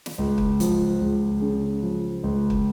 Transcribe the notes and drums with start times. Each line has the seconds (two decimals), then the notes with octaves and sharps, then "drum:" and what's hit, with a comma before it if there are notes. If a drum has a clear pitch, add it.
0.06 drum: snare
0.18 C#2
0.38 drum: kick
0.60 F3, drum: hi-hat
1.01 C#2
1.41 C#3
1.82 F3
2.24 C#2
2.50 drum: kick